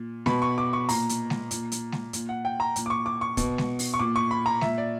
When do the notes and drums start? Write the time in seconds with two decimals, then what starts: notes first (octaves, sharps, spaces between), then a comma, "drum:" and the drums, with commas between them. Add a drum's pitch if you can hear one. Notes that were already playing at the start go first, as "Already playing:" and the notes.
Already playing: A#2
0.26 B2 B5, drum: snare G#3
0.42 C#6
0.58 D6
0.73 C#6
0.89 A#2 A#5, drum: open hi-hat
1.09 drum: hi-hat
1.30 drum: snare G#3
1.51 A#2, drum: hi-hat
1.72 drum: hi-hat
1.92 drum: snare G#3
2.13 A#2, drum: hi-hat
2.29 F#5
2.45 G5
2.60 A#5
2.76 A#2, drum: hi-hat
2.86 D6
2.90 C#6
3.06 D6
3.21 C#6
3.37 B2, drum: kick, hi-hat
3.58 drum: snare G#3
3.79 drum: open hi-hat
3.94 C#6
3.99 A#2 D6
4.16 C#6
4.31 B5
4.46 A#5
4.61 A#2 E5, drum: snare G#3
4.78 D5